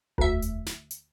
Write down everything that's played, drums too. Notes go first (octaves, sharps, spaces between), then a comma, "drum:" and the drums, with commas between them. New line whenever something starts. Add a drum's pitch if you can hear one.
D2 E5, drum: kick E1
drum: hi-hat
drum: snare
drum: hi-hat